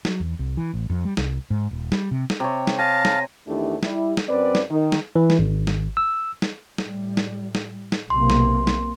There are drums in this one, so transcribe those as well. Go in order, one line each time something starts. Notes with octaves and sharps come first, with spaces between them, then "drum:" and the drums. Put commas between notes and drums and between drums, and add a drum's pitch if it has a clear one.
F#3, drum: snare
E2
C2
E3
A1
F2
G3
C2, drum: snare
G#2
D#1
G3, drum: snare
C3
drum: snare
C3 C#5
drum: snare
F5 G#5 A5 A#6
drum: snare
E2 D#3 A3 D4 E4 G4
G3 E4, drum: snare
drum: snare
F#2 C4 B4 D5
drum: snare
D#3
drum: snare
E3
drum: snare
G#1
drum: snare
E6
drum: snare
A2 G3, drum: snare
drum: snare
drum: snare
drum: snare
B1 C3 A#3 C6
drum: snare
drum: snare